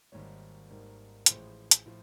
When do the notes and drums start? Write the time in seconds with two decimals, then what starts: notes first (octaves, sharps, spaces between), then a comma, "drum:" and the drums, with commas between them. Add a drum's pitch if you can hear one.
0.12 G#1 G#2 D#3 G3 A#3 C#5
0.69 G#1 G#2 D#3 G3 A#3
1.26 A1 A2 F3 G#3 C5, drum: hi-hat
1.71 drum: hi-hat
1.86 A2 F3